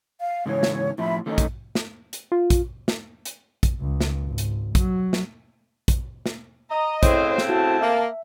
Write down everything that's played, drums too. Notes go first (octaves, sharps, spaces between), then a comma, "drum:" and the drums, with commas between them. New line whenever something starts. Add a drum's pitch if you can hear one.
F5
G#2 C#3 E3 C#5
drum: snare
A2 F3 E5 B5
D#3 A3 C#4 D#4
drum: kick, hi-hat
drum: snare
drum: hi-hat
F4
drum: kick, hi-hat
drum: snare
drum: hi-hat
drum: kick, hi-hat
C#2
drum: snare
G#1
drum: hi-hat
F#3, drum: kick, hi-hat
drum: snare
drum: kick, hi-hat
drum: snare
D#5 A#5
A2 C#3 C4 E4 C5 C#5, drum: kick, hi-hat
drum: snare
E4 F#4 A5
A#3 E5